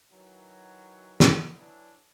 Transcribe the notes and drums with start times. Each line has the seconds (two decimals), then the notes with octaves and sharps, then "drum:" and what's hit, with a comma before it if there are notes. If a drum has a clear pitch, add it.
0.11 D#3 E3 F#3
1.20 drum: snare
1.57 D3 E3 F#3 D4 E4